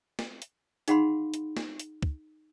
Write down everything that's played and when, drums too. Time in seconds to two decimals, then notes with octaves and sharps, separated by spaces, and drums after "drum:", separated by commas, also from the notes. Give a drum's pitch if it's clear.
0.19 drum: snare
0.42 drum: hi-hat
0.88 D#4 G#4 F5 F#5 B5 C6, drum: hi-hat
1.34 drum: hi-hat
1.57 drum: snare
1.80 drum: hi-hat
2.02 drum: kick